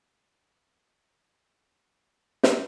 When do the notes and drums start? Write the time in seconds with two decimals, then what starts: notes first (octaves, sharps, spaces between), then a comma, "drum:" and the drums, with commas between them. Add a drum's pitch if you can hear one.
0.22 A#3 C4 A#4 C#5 D5
1.16 D#5
1.64 A1 A#2 D3 E3 F4 C5
2.43 drum: snare